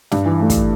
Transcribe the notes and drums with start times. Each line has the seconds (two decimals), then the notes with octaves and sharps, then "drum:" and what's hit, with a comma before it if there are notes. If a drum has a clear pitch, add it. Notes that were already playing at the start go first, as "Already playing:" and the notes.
0.12 G2, drum: snare
0.25 E3
0.40 A3
0.50 drum: kick, hi-hat